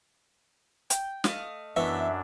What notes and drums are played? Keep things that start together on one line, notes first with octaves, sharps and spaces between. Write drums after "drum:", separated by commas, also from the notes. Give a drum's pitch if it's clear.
G5, drum: hi-hat
A3 D#5 F5, drum: snare
F#2 E3 B3 D4 E5 C#6